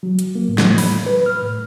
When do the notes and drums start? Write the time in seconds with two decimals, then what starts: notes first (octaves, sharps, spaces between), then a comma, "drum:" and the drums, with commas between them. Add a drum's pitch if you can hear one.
0.03 F#3
0.19 drum: hi-hat
0.35 A#3
0.49 A2
0.58 drum: snare
0.78 B5, drum: open hi-hat
1.06 B4
1.26 F6
1.42 A2